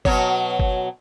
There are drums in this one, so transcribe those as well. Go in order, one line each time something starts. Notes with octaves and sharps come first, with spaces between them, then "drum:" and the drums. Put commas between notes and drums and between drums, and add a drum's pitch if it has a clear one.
B2 F#3 C#5, drum: kick G1
drum: kick G1